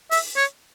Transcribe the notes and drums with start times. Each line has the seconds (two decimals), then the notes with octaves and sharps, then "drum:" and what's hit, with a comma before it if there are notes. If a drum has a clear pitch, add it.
0.11 E5, drum: open hi-hat
0.37 C#5